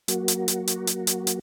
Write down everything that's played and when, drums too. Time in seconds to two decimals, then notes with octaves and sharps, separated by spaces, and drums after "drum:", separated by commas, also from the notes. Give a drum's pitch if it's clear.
0.08 F#3 A#3 F#4, drum: hi-hat
0.28 drum: hi-hat
0.48 drum: hi-hat
0.67 drum: hi-hat
0.87 drum: hi-hat
1.07 drum: hi-hat
1.27 drum: hi-hat